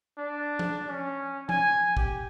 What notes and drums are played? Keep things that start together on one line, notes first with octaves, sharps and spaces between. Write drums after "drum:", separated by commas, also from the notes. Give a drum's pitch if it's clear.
D4
drum: tom F3
C#4
G#5, drum: tom F3
G4, drum: kick